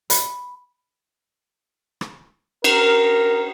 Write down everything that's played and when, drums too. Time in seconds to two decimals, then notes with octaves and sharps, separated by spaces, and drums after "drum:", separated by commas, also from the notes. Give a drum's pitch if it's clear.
0.10 B5, drum: hi-hat
2.01 drum: rim click
2.64 A#4, drum: cymbal